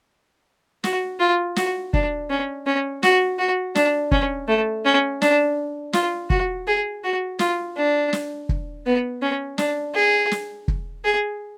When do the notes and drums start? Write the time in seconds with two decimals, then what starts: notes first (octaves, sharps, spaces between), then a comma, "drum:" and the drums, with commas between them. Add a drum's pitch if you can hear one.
0.84 F#4, drum: snare
1.20 F4
1.56 F#4, drum: snare
1.93 D4, drum: kick
2.30 C#4
2.66 C#4
3.03 F#4, drum: snare
3.39 F#4
3.75 D4, drum: snare
4.11 C#4, drum: kick
4.48 A3
4.85 C#4
5.22 D4, drum: snare
5.93 F4, drum: snare
6.30 F#4, drum: kick
6.67 G#4
7.04 F#4
7.39 F4, drum: snare
7.76 D4
8.13 drum: snare
8.49 drum: kick
8.86 B3
9.22 C#4
9.58 D4, drum: snare
9.95 G#4
10.31 drum: snare
10.68 drum: kick
11.05 G#4